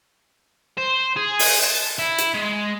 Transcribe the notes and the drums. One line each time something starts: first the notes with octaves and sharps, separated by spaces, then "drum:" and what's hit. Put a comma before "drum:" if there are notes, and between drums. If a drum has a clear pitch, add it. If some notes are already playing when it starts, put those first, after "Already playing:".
C5
G#4
drum: open hi-hat
A5
E4
drum: hi-hat
G#3